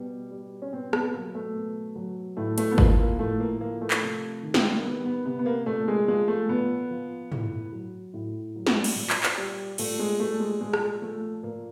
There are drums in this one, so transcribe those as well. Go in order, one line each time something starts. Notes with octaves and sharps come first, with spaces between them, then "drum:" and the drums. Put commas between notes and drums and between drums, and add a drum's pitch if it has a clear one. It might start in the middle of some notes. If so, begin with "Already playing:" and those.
Already playing: B2 G3
G3
C#4
B2 C4
B3, drum: rim click
F#3 A#3
A3
B2
F#3
A2 A3
A3, drum: hi-hat
B3
F3 A#3, drum: kick
A#3
A2 A3
A#3
F3 A#3
A3
drum: clap
C3
D#3
drum: snare
A#3
G3 B3
B3
C3 B3
B3
A#3
A#2 A3
G#3
F3 G#3
A3
A#2 B3
F3
A2, drum: tom
F#3
A2
F#3
drum: snare
drum: cymbal
A#2
drum: clap
drum: clap
G3
A#2 A3, drum: cymbal
G#3
G3 A3
G#3
A#2 G#3
drum: rim click
F3 A3
A#2 A#3